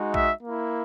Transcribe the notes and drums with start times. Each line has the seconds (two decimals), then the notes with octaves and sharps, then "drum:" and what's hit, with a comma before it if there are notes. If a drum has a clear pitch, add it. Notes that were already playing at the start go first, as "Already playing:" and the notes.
Already playing: G#3 D#4 F#4
0.14 E5, drum: kick A#1
0.43 A#3
0.48 E4